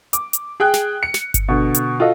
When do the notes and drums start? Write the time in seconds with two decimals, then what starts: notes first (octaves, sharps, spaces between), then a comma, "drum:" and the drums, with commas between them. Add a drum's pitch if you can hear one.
0.13 D6, drum: hi-hat
0.33 drum: hi-hat
0.60 G#4 G5 F#6
0.74 drum: snare
1.03 C#7
1.14 drum: snare
1.34 drum: kick G1, hi-hat
1.48 B2 D3
1.74 drum: hi-hat
2.00 F4 F#4 A4 D#5